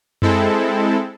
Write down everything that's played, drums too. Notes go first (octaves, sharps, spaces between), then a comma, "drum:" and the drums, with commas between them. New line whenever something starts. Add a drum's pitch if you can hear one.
G#3 C4 E4 A4, drum: tom F#2